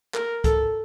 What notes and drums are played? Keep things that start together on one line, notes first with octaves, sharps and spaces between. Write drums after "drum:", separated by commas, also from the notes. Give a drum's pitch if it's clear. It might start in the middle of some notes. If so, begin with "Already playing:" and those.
A#4, drum: clap
A4, drum: kick, hi-hat